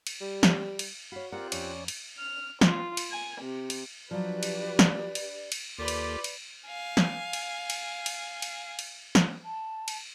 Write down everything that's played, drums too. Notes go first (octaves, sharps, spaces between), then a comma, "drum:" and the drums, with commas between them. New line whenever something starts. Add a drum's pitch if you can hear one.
drum: cymbal
G3
drum: snare
drum: cymbal
F#4 C#5 F5 B5
C4 F4 G4 A#4 D5 F#5 F#6
F2 C#4 C#5 D5, drum: cymbal
drum: cymbal
F6
F4, drum: snare
drum: cymbal
G#5
C3
drum: cymbal
F3 F#3 D4 G4 B4 D5
drum: cymbal
drum: snare
drum: cymbal
drum: cymbal
D#2 A#3 F4 G4 A4 B4 D5
drum: cymbal
drum: cymbal
F5 G#5
drum: snare
drum: cymbal
drum: cymbal
drum: cymbal
drum: cymbal
drum: cymbal
drum: snare
A5
drum: cymbal